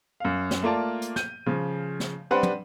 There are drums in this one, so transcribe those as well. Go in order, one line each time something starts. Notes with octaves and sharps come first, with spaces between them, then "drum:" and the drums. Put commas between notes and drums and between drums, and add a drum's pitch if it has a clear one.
F#2 F5
drum: snare
A3 A#3 F4 D5 A5
drum: hi-hat
G6 D#7, drum: snare
C#3 F3
drum: snare
G3 C4 D4 B4 C5 F#5
drum: tom